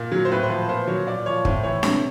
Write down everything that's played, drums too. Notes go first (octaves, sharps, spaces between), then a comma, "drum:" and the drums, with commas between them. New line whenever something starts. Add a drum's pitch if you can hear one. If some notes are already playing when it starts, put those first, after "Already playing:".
Already playing: A#2
F#3
C5
A2 B4
C5
F3 B4
A#2 C5
F#3 C#5
A#2 D5
F3 C#5
A2 C5, drum: kick
E3 C#5
C3, drum: snare D4